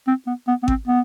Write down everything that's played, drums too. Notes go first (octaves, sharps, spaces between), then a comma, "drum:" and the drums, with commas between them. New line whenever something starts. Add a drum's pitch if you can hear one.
C4
B3
B3
B3
C4, drum: kick G#1
B3